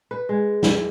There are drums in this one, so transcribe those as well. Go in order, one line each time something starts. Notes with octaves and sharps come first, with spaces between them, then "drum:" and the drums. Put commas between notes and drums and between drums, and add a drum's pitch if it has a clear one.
B4
G#3
E4, drum: snare